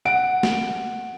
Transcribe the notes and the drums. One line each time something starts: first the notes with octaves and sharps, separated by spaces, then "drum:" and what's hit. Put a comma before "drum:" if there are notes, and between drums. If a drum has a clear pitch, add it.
F#5 D7
drum: snare A#3